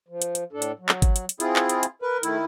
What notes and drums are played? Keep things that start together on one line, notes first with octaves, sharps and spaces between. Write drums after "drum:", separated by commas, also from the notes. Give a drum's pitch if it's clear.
F3
drum: hi-hat
drum: hi-hat
A2 D4 A4
drum: hi-hat
F#3
drum: clap
drum: kick G#1, hi-hat
drum: hi-hat
drum: hi-hat
C4 E4 F4 G#4, drum: hi-hat
drum: clap
drum: hi-hat
drum: hi-hat
A#4 B4
D#3 A3 E4, drum: hi-hat